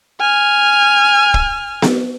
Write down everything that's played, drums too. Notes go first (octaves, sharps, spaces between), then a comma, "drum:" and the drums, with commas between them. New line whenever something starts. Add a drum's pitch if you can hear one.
G#5 F6
drum: kick
drum: snare B3